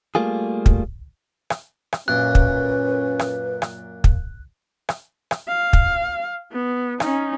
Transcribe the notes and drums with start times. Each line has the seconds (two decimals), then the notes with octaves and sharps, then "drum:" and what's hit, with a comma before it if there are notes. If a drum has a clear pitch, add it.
0.15 G3 A3 A#3 F4 G#4
0.66 drum: kick
1.50 drum: rim click
1.93 drum: rim click
2.08 F#2 A#2 C#4 B4 F#6
2.35 drum: kick
3.19 drum: rim click
3.62 drum: rim click
4.04 drum: kick
4.89 drum: rim click
5.31 drum: rim click
5.48 F5
5.73 drum: kick
6.52 B3
7.00 C#4 D#4, drum: rim click